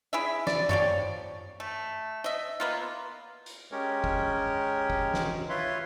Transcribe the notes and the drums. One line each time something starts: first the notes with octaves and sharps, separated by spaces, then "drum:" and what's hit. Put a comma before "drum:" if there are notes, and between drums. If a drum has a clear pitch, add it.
E4 G#4 E5
D5, drum: snare
F3 G4 C#5 D5, drum: tom F#2
A3
D#5 E5
A#3 B3 F4
drum: hi-hat
G#3 C#4 G4 A#4 C#5
drum: kick
drum: kick
drum: snare
F4 B4 C#5 E5 C6